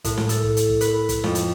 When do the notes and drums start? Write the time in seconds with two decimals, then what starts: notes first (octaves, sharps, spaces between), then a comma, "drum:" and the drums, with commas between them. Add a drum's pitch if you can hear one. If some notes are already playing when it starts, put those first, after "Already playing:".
0.04 A2, drum: kick, hi-hat
0.17 drum: snare
0.29 A4, drum: hi-hat
0.44 drum: kick
0.57 drum: hi-hat
0.70 drum: kick
0.81 B4, drum: hi-hat
1.09 drum: kick, hi-hat
1.24 F2, drum: snare
1.35 drum: hi-hat